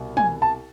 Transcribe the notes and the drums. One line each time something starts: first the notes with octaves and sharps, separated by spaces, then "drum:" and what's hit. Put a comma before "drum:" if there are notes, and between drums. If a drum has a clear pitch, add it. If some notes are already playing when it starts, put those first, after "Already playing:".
Already playing: C2 B2
G#5, drum: tom
A5